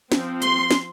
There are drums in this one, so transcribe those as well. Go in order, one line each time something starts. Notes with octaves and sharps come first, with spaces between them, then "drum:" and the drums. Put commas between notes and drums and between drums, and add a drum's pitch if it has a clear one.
F3 C4, drum: snare
C6, drum: hi-hat
drum: snare